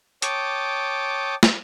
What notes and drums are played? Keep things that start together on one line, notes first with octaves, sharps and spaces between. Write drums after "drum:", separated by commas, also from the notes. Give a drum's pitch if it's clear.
C#5 G5 A5 D6 D#6, drum: hi-hat
drum: snare